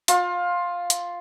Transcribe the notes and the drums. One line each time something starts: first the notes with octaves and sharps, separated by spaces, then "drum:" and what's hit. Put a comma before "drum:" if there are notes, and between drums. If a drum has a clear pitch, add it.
F4, drum: hi-hat
drum: hi-hat